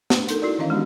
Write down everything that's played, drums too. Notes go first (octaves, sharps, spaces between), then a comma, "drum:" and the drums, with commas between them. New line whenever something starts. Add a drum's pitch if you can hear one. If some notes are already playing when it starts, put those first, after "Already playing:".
A3 D4, drum: snare
D#4 A4 A#4, drum: hi-hat
D#4 E4 F#4 A#4 D5
D#3 E3 C#4 D#5 F5
G#3 B3 D4 F#4 G4